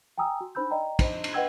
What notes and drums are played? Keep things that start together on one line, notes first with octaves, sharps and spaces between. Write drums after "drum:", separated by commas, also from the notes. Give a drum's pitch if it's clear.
G5 G#5 A#5 D#6 E6
F#4
D4 D#4 C5 B5 E6 G6
D5 D#5 G5 A#5
D#4 C5 D#5, drum: kick, cymbal
drum: cymbal
B4 D#5 F#5 G5 E6 G#6